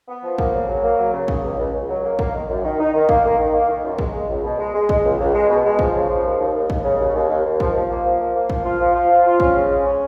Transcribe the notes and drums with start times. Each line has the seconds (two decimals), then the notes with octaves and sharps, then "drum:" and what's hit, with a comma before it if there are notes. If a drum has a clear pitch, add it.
0.08 B3
0.23 F3
0.38 A#3, drum: kick
0.53 C#3
0.68 F#3
0.83 A#3
0.98 F#3
1.13 C#3
1.28 C#3, drum: kick
1.44 C#2
1.58 C#2
1.73 C#2
1.89 F#3
2.04 A#3
2.19 A#3, drum: kick
2.33 D#3
2.48 F#2
2.64 D#3
2.79 D#4
2.94 D#3
3.09 A#3, drum: kick
3.24 A#3
3.38 D#3
3.54 A#3
3.69 D#3
3.84 F#2
3.99 G#3, drum: kick
4.14 G#3
4.29 C#2
4.44 B2
4.58 G#3
4.74 G#3
4.89 G#3, drum: kick
5.04 C#2
5.19 C#2
5.34 G#3
5.49 B2
5.64 G#3
5.79 F3, drum: kick
5.94 C#3
6.09 F3
6.24 D#2
6.39 D#2
6.55 D#2
6.70 D#2, drum: kick
6.84 C#3
7.00 D#2
7.14 D#2
7.30 D#2
7.44 D#2
7.60 F3, drum: kick
7.74 F3
7.90 A#3
8.05 F3
8.20 A#3
8.35 A#3
8.50 F3, drum: kick
8.65 F4
8.80 F3
8.95 F4
9.10 F3
9.25 F4
9.40 C#4, drum: kick
9.55 C#3
9.70 G#3
9.85 C#4